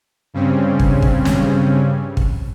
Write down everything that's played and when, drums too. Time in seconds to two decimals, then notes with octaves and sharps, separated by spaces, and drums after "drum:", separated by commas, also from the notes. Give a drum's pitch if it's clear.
0.34 G2 C#3 G3 C4 C#4
0.80 drum: kick
1.02 drum: kick
1.25 drum: snare
2.17 drum: kick